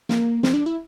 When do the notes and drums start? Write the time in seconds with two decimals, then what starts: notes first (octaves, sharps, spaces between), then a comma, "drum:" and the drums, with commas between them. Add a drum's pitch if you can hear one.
0.09 A#3, drum: snare
0.43 C4, drum: snare
0.54 D4
0.66 E4